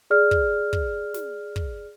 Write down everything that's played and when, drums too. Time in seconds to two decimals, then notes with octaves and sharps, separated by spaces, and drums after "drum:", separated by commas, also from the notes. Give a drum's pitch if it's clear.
0.10 G#4 D5 F6
0.31 drum: kick
0.73 drum: kick
1.14 drum: snare
1.56 drum: kick